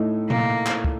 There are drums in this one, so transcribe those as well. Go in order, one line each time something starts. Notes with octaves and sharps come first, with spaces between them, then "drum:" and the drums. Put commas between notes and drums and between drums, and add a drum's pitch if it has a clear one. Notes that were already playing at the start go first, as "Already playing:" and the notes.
Already playing: A2 A3 D#4
A#3, drum: tom A#2
drum: clap
drum: kick